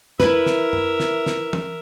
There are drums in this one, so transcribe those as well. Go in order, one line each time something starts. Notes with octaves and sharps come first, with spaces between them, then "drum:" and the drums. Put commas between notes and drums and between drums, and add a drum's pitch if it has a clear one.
E4 A#4 B4 E5, drum: snare
drum: snare
drum: tom F#2
drum: snare
drum: snare
drum: tom